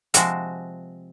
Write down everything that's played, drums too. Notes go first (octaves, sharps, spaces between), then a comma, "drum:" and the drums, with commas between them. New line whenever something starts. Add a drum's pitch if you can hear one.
C3 F3 G#3 C4 F#4, drum: hi-hat